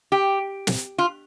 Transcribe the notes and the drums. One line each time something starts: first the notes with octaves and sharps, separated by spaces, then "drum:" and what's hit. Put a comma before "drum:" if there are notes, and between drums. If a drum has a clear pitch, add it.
G4
drum: snare
F4